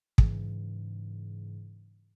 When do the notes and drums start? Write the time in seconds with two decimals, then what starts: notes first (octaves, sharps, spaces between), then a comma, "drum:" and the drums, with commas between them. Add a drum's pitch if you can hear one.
0.18 G#2 C#3 E3, drum: kick